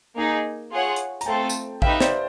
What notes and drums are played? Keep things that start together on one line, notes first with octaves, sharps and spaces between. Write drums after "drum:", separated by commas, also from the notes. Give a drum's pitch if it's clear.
A#3 D#4 G#4
F4 G#4 C#5 F#5
drum: hi-hat
A#5, drum: hi-hat
A3 C4 F4 A4 G5 A5
drum: tambourine
D#4 G4 B4 E5 F5 G5, drum: kick A1
C5 D5, drum: snare